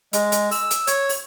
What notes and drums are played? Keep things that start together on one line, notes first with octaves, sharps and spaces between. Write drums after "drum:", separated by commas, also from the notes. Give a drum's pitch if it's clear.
G#3, drum: hi-hat
drum: hi-hat
E6, drum: open hi-hat
drum: hi-hat
C#5, drum: hi-hat
drum: open hi-hat